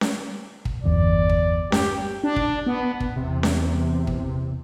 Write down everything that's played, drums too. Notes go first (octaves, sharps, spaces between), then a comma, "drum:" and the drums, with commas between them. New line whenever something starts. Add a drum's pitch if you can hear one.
drum: snare C#4
drum: kick
G1 E2 D5
drum: kick
G4, drum: snare C#4
D4
drum: kick
B3
drum: kick
E2 C3
drum: snare C#4
drum: kick